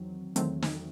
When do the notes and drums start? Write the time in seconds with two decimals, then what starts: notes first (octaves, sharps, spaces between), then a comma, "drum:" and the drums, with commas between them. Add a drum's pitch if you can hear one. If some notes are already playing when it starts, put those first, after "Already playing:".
Already playing: E2 D#3 F#3 C4
0.36 E2 D#3 F#3 A3 C4, drum: hi-hat
0.62 drum: snare